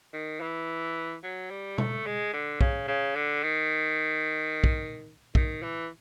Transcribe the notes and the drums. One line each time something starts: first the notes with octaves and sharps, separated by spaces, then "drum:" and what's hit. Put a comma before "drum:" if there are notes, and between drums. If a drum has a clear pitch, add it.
D#3
E3
F#3
G3
A3, drum: tom B2
G#3
D3
C#3, drum: kick
C#3
D3
D#3
drum: kick
D#3, drum: kick
E3